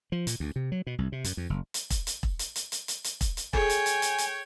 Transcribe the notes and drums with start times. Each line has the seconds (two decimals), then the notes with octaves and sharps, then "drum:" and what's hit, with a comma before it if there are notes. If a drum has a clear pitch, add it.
0.12 F3
0.27 A#2, drum: hi-hat
0.40 D2
0.56 C3
0.72 F#3
0.87 B2
0.98 C2
1.12 C3
1.24 F#2, drum: hi-hat
1.37 F2
1.50 F#1
1.74 drum: hi-hat
1.90 drum: kick E1, hi-hat
2.07 drum: hi-hat
2.23 drum: kick E1
2.39 drum: hi-hat
2.56 drum: hi-hat
2.72 drum: hi-hat
2.88 drum: hi-hat
3.04 drum: hi-hat
3.21 drum: kick E1, hi-hat
3.37 drum: hi-hat
3.53 G#4 A4 C#5 G5 G#5, drum: kick E1
3.70 drum: hi-hat
3.86 drum: hi-hat
4.02 drum: hi-hat
4.18 drum: hi-hat